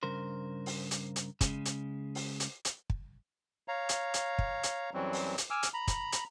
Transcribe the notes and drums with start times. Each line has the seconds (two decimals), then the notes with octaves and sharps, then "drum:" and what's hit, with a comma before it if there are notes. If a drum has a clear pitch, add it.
0.03 G2 C#3 A#4 C5
0.66 drum: open hi-hat
0.91 drum: hi-hat
1.16 drum: hi-hat
1.41 C#3 G#3, drum: kick, hi-hat
1.65 drum: hi-hat
2.15 drum: open hi-hat
2.40 drum: hi-hat
2.65 drum: hi-hat
2.90 drum: kick
3.68 C#5 F5 A#5
3.89 drum: hi-hat
4.14 drum: hi-hat
4.39 drum: kick
4.63 drum: hi-hat
4.94 F#2 E3 F#3 G3 C4
5.13 drum: open hi-hat
5.38 drum: hi-hat
5.50 G#5 D6 E6 F6
5.63 drum: hi-hat
5.74 A#5 B5
5.88 drum: kick, hi-hat
6.12 drum: hi-hat